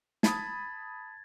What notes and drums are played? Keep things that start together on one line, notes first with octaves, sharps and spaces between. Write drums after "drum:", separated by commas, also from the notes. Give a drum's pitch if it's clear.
A5 B5 D#6 G#6 A6, drum: snare